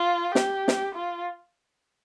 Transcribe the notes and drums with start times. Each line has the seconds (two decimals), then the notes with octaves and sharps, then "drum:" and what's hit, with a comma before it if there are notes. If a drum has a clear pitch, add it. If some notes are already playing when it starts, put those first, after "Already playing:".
Already playing: F4
0.35 G4, drum: snare
0.68 drum: snare
0.95 F4